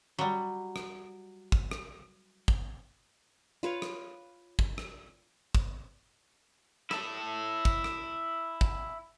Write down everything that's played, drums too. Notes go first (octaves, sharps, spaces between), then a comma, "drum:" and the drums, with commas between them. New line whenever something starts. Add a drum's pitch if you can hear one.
F#3 G3
drum: rim click
drum: kick
drum: rim click
drum: kick
F4 B4 C#5 F5
drum: rim click
drum: kick
drum: rim click
drum: kick
E4 A5, drum: rim click
drum: kick
drum: rim click
drum: kick